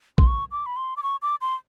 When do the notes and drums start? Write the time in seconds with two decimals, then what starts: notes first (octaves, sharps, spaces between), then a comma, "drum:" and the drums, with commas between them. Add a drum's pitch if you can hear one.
0.18 C6, drum: kick
0.27 C#6
0.52 D6
0.66 B5
0.77 C6
0.97 D6
1.03 C#6
1.22 D6
1.41 C6